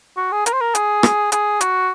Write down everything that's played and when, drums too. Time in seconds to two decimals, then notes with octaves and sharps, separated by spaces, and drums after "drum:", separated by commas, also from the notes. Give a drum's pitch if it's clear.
0.17 F#4
0.32 G#4
0.46 A#4, drum: hi-hat
0.53 C5
0.61 A#4
0.75 G#4, drum: hi-hat
1.03 drum: rim click
1.32 G#4, drum: hi-hat
1.61 F#4, drum: hi-hat